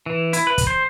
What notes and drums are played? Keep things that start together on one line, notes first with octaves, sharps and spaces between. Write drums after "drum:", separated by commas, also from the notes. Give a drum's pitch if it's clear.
E3
E4, drum: hi-hat
B4
drum: kick, hi-hat
C5